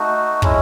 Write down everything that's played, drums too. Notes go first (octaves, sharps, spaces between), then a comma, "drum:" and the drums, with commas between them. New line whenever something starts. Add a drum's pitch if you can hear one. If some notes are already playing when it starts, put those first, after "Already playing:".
Already playing: A3 D#4 F#4
G#3 C#4 E4, drum: kick